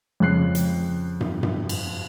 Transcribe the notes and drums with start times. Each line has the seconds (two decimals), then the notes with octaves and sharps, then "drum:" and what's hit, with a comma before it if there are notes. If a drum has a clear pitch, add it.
0.20 F2 C#3 F#6 C7
0.55 drum: hi-hat
1.21 drum: tom
1.43 drum: tom
1.69 drum: cymbal